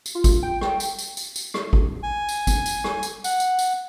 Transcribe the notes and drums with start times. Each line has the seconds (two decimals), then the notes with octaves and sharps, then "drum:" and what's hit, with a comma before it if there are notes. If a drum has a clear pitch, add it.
0.06 drum: tambourine
0.15 F4
0.24 drum: kick, tambourine
0.43 G5
0.61 drum: rim click
0.80 drum: tambourine
0.99 drum: tambourine
1.17 drum: tambourine
1.36 drum: tambourine
1.54 drum: rim click
1.73 drum: kick
2.03 G#5
2.29 drum: tambourine
2.47 drum: kick, tambourine
2.66 drum: tambourine
2.84 drum: rim click
3.03 drum: tambourine
3.24 F#5, drum: tambourine
3.40 drum: tambourine
3.59 drum: tambourine